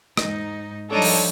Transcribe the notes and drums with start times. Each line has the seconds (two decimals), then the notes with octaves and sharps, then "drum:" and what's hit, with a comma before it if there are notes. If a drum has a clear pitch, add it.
0.17 G#2 D#4, drum: rim click
0.90 F3 G3 D4 D#4 A4 C#5
1.02 drum: open hi-hat